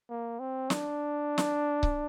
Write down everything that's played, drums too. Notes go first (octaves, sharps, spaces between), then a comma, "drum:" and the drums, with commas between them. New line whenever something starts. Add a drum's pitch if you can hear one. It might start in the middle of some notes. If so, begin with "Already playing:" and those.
A#3
C4
D4, drum: snare
drum: snare
drum: kick C#1